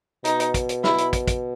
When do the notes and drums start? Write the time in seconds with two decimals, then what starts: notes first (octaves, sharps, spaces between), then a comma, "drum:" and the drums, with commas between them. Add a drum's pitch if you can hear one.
0.25 B2 D#4, drum: hi-hat
0.40 drum: hi-hat
0.54 drum: kick, hi-hat
0.69 drum: hi-hat
0.84 E4, drum: snare
0.98 drum: hi-hat
1.13 drum: kick, hi-hat
1.28 drum: kick, hi-hat